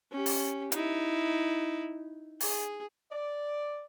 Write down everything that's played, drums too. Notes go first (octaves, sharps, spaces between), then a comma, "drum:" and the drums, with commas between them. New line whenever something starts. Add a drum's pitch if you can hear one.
C#4 G4
drum: open hi-hat
D#4 E4, drum: hi-hat
G#4, drum: open hi-hat
D5